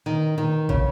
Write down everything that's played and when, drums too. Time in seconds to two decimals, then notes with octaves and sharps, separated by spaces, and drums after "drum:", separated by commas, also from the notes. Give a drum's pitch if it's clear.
0.06 D#3
0.38 D#3
0.69 C#3, drum: kick